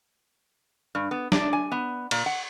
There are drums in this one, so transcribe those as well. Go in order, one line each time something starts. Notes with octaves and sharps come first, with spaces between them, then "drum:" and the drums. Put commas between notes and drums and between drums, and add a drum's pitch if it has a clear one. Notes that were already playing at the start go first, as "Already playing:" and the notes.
G2
B3
D4, drum: snare
G#5
B3
A#2, drum: cymbal
F#5